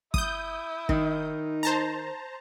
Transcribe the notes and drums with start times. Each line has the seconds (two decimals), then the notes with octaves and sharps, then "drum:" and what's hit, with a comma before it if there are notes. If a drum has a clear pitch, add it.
0.14 E4 D#6 G6, drum: kick G1
0.89 D#3 D#4, drum: kick G1
1.63 C5 A5 A#5